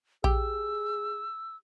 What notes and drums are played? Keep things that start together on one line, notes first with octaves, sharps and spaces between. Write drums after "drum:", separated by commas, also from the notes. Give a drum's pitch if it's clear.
G4 G#4 E6, drum: kick A#1